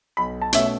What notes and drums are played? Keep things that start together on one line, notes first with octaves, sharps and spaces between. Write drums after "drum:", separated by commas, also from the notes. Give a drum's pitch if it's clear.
B1 B5
A5
B2 A3 C#4 E5, drum: hi-hat